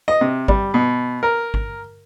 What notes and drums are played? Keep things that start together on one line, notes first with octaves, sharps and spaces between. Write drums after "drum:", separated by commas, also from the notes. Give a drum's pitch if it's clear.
D#5
C3
G3, drum: kick G#1
B2
A#4
drum: kick G#1